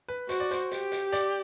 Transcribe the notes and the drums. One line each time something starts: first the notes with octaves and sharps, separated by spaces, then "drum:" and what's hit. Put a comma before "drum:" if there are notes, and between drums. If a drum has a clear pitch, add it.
B4
F#4 C5, drum: hi-hat
D5
C5, drum: hi-hat
G4, drum: hi-hat
drum: hi-hat
D5, drum: hi-hat